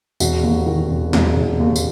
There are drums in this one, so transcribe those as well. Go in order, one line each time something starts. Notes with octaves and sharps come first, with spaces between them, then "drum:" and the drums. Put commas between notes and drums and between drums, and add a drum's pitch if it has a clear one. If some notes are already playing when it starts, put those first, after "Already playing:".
E1 F#4, drum: tambourine
D#2
D#3
E1
E1, drum: snare
E1
D#2
drum: tambourine